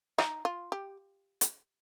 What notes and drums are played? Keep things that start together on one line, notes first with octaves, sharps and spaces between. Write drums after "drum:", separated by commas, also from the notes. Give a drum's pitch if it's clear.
D#4, drum: rim click
F4
G4
drum: hi-hat